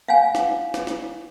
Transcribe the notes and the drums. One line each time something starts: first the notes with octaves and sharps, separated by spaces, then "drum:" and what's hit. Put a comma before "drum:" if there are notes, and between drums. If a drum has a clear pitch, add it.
F5 F#5 G#5
drum: snare
drum: snare
drum: snare